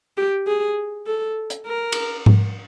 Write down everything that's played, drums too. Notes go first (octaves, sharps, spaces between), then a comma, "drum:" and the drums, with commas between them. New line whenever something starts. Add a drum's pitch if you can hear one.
G4
G#4
A4
drum: hi-hat
A#4
drum: cymbal
drum: tom G#2